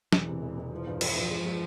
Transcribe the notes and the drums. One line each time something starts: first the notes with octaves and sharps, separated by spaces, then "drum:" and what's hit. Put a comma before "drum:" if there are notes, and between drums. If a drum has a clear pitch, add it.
E1 E3, drum: snare
C3
E1
E1
E3 F3
G2
E3, drum: cymbal
G2
G#3
G#3